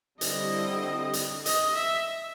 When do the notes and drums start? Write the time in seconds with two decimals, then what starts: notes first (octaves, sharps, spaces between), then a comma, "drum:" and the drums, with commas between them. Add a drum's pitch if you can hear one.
0.21 D3 G3 C4 E4 D#5, drum: hi-hat
1.13 drum: hi-hat
1.46 D#5, drum: hi-hat
1.76 E5